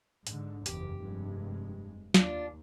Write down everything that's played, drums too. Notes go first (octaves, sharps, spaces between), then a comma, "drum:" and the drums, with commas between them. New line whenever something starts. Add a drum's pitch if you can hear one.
G#2 D3, drum: hi-hat
F#1 E2 G4, drum: hi-hat
F1 G2 G#3
D#2 D4 F4, drum: snare